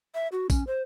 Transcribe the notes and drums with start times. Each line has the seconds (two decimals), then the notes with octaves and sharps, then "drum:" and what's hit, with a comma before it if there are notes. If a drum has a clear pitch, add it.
0.15 E5
0.32 F#4
0.50 C#4, drum: kick A#1, tambourine
0.67 C5